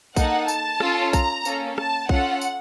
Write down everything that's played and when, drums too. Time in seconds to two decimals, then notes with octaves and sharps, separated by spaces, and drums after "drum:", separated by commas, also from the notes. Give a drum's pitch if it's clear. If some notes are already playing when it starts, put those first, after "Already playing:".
0.16 A#3 D#4 A4 F#5, drum: kick B1, tambourine
0.48 A5, drum: tambourine
0.80 C#4 F4 A4, drum: rim click
1.13 A#5, drum: kick B1, tambourine
1.45 A#3 C#4 A4, drum: tambourine
1.78 A5, drum: rim click
2.09 C#4 F4 A4 F#5, drum: kick B1
2.42 drum: tambourine